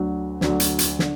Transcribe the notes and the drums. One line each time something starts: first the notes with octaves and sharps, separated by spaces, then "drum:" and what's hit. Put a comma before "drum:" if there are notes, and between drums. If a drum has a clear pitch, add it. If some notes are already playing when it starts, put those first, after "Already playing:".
Already playing: D2 D3 F#3
D2 D3 F#3, drum: snare
drum: hi-hat
drum: hi-hat
D3, drum: snare